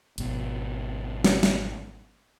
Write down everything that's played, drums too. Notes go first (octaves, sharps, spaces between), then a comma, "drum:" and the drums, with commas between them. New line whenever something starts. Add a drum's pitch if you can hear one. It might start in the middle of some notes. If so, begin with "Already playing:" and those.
G#1 B2, drum: hi-hat
drum: snare
drum: snare